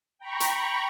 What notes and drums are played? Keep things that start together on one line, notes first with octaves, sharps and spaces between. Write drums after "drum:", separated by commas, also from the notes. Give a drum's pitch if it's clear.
G5 A#5 B5 C#6
drum: hi-hat